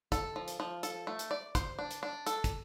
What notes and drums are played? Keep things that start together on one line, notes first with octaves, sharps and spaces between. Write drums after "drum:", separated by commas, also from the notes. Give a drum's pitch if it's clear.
A4, drum: kick, hi-hat
F3
drum: hi-hat
F3
A4, drum: hi-hat
A3
drum: hi-hat
D5
C5, drum: kick, hi-hat
D4
drum: hi-hat
D4
A4, drum: hi-hat
drum: kick, hi-hat